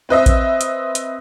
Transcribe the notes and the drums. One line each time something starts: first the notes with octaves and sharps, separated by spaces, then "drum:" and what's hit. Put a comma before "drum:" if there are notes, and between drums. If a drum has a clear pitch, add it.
C4 B4 D#5 E5
drum: kick A1, hi-hat
drum: hi-hat
drum: hi-hat